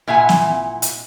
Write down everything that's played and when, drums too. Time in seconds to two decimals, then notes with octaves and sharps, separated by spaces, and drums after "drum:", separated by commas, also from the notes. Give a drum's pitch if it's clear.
0.08 A#2 E4 E5 F#5 G#5
0.29 drum: snare
0.82 drum: hi-hat